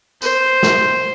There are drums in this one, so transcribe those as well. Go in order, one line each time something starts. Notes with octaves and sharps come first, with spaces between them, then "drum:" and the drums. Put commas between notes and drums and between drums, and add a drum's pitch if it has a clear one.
C5, drum: tambourine
drum: snare